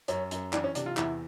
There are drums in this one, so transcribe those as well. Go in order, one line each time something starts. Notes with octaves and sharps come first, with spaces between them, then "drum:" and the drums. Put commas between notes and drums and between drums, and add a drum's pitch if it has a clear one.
F#2 C#4, drum: hi-hat
F#2, drum: hi-hat
E3 D4, drum: clap
C#4
C3 D4, drum: hi-hat
F4
E2 E4, drum: clap